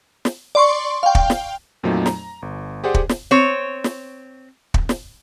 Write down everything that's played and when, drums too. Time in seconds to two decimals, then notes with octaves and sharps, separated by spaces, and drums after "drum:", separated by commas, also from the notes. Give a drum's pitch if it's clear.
0.25 drum: snare
0.55 D5 C6 C#6
1.03 F5 G5
1.15 drum: kick
1.30 drum: snare
1.83 F2 A#2 F3 F#3 A3 D#4
2.06 A#5, drum: snare
2.42 G1
2.84 G4 G#4 C5 D5 F#5 G#5
2.94 drum: kick
3.09 drum: snare
3.31 C4 C#5
3.84 drum: snare
4.74 drum: kick
4.89 drum: snare